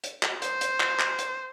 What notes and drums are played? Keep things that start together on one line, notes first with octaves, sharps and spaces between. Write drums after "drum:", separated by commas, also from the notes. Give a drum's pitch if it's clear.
drum: hi-hat
drum: clap
C5, drum: hi-hat
drum: hi-hat
drum: clap
drum: clap
drum: hi-hat